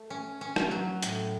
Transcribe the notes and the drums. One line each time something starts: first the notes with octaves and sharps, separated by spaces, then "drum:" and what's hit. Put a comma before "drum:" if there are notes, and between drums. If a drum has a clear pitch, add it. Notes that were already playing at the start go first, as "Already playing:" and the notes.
Already playing: A3
C#4
C#4
drum: rim click
F#3
A2, drum: hi-hat